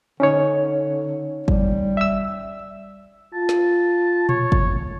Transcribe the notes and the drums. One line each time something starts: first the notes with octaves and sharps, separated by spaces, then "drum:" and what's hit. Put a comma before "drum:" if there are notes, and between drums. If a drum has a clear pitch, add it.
D3 C#4 D#4 C#5
G3, drum: kick G1
E5 E6
F4 A5
drum: snare
C#5, drum: tom A#2
drum: kick G1